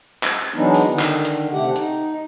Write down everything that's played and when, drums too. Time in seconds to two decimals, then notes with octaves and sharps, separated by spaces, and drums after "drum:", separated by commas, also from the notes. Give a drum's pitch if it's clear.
0.23 drum: clap
0.54 E3 F#3 G#3 B3 D4 D#4
0.74 drum: open hi-hat
0.87 D3 D#3
1.00 drum: clap
1.25 drum: hi-hat
1.52 C3 A3 G4 F#5
1.76 D#4, drum: hi-hat